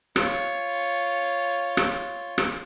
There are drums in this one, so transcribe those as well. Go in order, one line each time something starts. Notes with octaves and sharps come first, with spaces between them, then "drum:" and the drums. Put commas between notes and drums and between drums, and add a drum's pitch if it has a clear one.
F4 C#5, drum: rim click
drum: rim click
drum: rim click